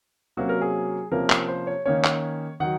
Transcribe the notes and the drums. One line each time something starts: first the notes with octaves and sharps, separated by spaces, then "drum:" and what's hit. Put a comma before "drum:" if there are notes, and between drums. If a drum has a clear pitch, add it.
C3 F#3 A#3 C#4 F#4
A#4
G#4
C3 F3 A#3 C#4 A#4
drum: clap
C5
C#5
D#3 A#3 C#4 C#5
drum: clap
D#3 F#3 F#5